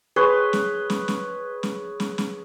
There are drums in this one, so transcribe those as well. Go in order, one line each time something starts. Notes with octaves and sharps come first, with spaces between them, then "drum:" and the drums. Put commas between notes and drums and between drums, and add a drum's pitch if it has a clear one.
G#4 B4 C#5 C6
drum: snare
drum: snare
drum: snare
drum: snare
drum: snare
drum: snare